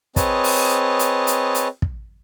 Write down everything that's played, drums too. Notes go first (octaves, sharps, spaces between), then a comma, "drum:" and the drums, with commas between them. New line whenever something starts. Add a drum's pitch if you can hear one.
C4 G#4 B4 C#5 D#5 A5, drum: kick, hi-hat
drum: open hi-hat
drum: hi-hat
drum: hi-hat
drum: hi-hat
drum: kick